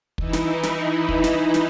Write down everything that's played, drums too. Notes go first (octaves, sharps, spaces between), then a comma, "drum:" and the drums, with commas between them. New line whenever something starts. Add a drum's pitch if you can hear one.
E3 D#4 E4, drum: kick
drum: snare
drum: snare
drum: kick
drum: snare
drum: snare